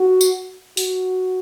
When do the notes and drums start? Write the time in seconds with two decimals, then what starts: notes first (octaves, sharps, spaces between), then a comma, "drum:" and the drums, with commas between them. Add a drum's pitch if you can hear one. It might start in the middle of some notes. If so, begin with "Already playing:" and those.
Already playing: F#4
0.21 drum: tambourine
0.77 F#4, drum: open hi-hat